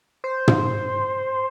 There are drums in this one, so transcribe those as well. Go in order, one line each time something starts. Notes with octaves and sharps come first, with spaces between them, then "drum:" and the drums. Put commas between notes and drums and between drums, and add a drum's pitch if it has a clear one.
C5
drum: tom